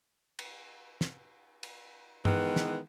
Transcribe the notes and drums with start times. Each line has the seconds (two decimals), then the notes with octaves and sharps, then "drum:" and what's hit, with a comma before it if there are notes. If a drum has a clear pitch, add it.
0.39 drum: cymbal
1.01 drum: snare
1.63 drum: cymbal
2.25 D#3 E3 G#3 B3, drum: tom G2
2.56 drum: snare